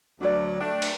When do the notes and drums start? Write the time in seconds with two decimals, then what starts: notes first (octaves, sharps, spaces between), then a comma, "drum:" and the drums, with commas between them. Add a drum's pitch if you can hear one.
0.21 D2 F#3 D4 B4 D5
0.60 A3 D4 G5
0.82 drum: cymbal